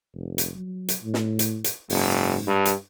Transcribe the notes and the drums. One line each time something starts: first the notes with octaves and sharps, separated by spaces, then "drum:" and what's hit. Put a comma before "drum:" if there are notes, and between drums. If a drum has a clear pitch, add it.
F1
drum: hi-hat
F#3
drum: hi-hat
A2
drum: snare
drum: hi-hat
drum: hi-hat
F#1 G#2, drum: open hi-hat
G2
drum: hi-hat